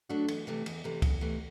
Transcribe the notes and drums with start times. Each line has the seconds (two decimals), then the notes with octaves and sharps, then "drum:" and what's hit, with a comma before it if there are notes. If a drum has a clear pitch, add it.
0.09 F#3 A3 D4 F#4
0.28 E2, drum: cymbal
0.47 C3 E3 A3
0.66 E2, drum: cymbal
0.84 C3 E3 A3
1.02 E2, drum: kick C#2, cymbal
1.21 C3 E3 A3